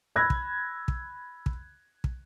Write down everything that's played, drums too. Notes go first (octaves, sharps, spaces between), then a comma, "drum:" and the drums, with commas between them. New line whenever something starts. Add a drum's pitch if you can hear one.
B5 E6 F#6 G#6 A#6
drum: kick
drum: kick
drum: kick
drum: kick